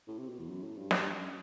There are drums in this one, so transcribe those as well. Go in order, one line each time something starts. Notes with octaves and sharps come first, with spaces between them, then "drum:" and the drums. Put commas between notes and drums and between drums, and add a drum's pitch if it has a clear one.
A2
C3
B2
E2
F#2
A2
G2
G2, drum: snare
F#2